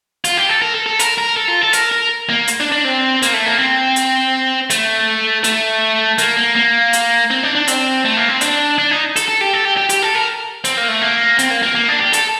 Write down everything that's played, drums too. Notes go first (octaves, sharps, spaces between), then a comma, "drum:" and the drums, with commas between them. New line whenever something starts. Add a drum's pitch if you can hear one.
F4, drum: hi-hat
G4
A4
A#4
A4
A4
A#4, drum: hi-hat
A#4
A4
F4
A4
A#4, drum: hi-hat
A#4
A#3
drum: hi-hat
D4
D4
C4
A#3, drum: hi-hat
A3
A#3
C4
drum: hi-hat
A3, drum: hi-hat
A3, drum: hi-hat
A#3, drum: hi-hat
A#3
A#3
drum: hi-hat
C4
D4
D4
C4, drum: hi-hat
A3
A#3
C4
D4, drum: hi-hat
D4
D#4
A4, drum: hi-hat
A4
G4
A4
G4
G4
G4, drum: hi-hat
A4
A#4
C4, drum: hi-hat
A#3
A3
A#3
C4, drum: hi-hat
A#3
A#3
A#3
D4
G4
A4, drum: hi-hat